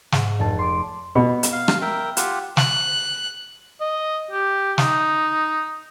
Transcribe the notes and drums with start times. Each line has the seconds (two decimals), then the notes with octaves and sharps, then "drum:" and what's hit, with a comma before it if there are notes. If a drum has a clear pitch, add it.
0.12 G#2, drum: snare
0.39 F1 A5
0.59 C6 D6
1.15 B2
1.43 drum: hi-hat
1.52 F5
1.68 drum: rim click
1.81 A#4 E5 G5
2.17 F4 G4 F#5, drum: hi-hat
2.57 F#6, drum: snare
3.81 D#5
4.31 G4
4.78 D#4, drum: snare